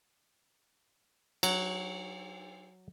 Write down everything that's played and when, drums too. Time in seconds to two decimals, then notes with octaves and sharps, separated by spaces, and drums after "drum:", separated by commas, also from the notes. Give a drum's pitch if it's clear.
1.43 F#3, drum: cymbal